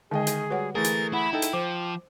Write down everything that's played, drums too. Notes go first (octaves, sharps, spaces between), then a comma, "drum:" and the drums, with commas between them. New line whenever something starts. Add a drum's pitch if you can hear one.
D3 D#3 G#3 G#4 D#5 G5
drum: hi-hat
G3 F#4 B4 C#5 F#5
E3 A3 G#4 A#4 A6
drum: hi-hat
E4 F#5 B5
D#4 A4 G5
drum: hi-hat
F3 C5 D6